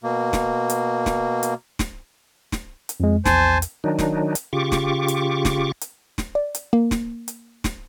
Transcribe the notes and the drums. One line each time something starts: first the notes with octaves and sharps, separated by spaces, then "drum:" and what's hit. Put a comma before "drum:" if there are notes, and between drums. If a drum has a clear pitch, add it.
B2 A#3
drum: snare
drum: hi-hat
drum: snare
drum: hi-hat
drum: snare
drum: snare
drum: hi-hat
F2 G#3
A#1 E2 C5 G#5 A5, drum: snare
drum: hi-hat
D#3 F#3 D4 D#4
drum: snare
drum: hi-hat
C#3 F4 G4 C#6 D6
drum: snare
drum: hi-hat
drum: snare
drum: hi-hat
drum: snare
D5
drum: hi-hat
A#3
drum: snare
drum: hi-hat
drum: snare